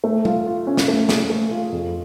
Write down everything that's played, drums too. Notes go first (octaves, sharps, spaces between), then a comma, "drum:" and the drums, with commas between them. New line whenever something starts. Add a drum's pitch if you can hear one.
A3
F4, drum: tom
F4
C#4
drum: snare
A3
G#4, drum: snare
A3
F4
F2